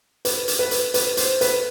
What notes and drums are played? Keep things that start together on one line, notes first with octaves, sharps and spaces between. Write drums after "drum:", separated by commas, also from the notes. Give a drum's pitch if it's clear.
B4, drum: hi-hat
drum: hi-hat
B4
drum: hi-hat
B4, drum: hi-hat
C5, drum: hi-hat
B4, drum: hi-hat